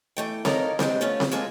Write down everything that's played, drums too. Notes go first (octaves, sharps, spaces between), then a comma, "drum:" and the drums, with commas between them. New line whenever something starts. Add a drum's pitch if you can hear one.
E3 A3 G5
D#4 F4 A4 A#4 C#5 D5, drum: snare C4
G3 G#3 D4 C5, drum: snare C4
A3 B3 C#4 F4
drum: snare C4
G#3 A#3 F4 G#4 A4